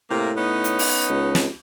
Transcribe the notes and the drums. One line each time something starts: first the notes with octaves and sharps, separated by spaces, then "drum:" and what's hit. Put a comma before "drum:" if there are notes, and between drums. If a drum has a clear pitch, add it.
A2 C3 A#3
B3 C#4 D#4
drum: hi-hat
drum: open hi-hat
C#2
drum: snare